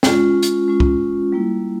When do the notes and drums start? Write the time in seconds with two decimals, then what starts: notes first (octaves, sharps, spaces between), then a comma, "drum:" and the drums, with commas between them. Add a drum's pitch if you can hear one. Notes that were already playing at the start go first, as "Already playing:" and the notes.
0.03 G#3 C#4 F4, drum: snare
0.43 drum: hi-hat
0.68 G#3 C#4 F4
0.80 drum: kick
1.32 G3 A#3 E4